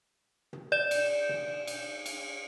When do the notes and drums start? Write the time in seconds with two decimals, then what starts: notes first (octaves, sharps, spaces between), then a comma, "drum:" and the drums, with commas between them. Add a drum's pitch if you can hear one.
0.53 drum: tom
0.72 D5 G6 E7
0.91 drum: cymbal
1.29 drum: tom
1.67 drum: cymbal
2.06 drum: cymbal